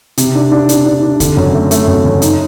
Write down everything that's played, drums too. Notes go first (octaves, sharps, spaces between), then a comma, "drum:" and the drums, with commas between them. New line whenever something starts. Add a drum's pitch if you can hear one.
C3, drum: hi-hat
D4
D4
D4, drum: hi-hat
D4
D4
D3, drum: kick, hi-hat
F#2
A3
A3, drum: hi-hat
F#2
F#2
D#4, drum: hi-hat